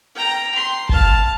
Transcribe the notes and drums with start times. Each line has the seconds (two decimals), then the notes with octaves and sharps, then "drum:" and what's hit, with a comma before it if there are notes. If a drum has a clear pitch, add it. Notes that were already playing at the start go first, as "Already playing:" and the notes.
0.15 G5 A#5
0.55 C6
0.89 F5 A5, drum: kick